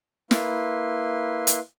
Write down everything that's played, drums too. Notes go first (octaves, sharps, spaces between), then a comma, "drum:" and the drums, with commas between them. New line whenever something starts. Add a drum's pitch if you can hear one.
A#3 E4 B4 C6, drum: snare
drum: hi-hat